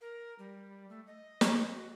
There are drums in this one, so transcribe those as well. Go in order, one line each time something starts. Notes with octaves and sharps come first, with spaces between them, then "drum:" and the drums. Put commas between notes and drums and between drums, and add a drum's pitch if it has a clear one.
A#4
G3
A3
D#5
drum: snare
F#4